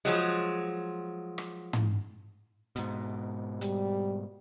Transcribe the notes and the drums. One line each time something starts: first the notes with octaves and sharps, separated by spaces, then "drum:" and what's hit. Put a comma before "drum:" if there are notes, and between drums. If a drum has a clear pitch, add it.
F3 F#3 G#3
drum: rim click
drum: tom
G#2 B2, drum: hi-hat
G3, drum: hi-hat